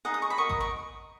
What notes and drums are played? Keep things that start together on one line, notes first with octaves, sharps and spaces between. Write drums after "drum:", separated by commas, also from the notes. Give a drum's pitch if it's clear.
D#4 G#4 D#5 F#5
D#6
C#6
B5
F#4 A#4 D#5 C#6
D#6, drum: kick A1
C#6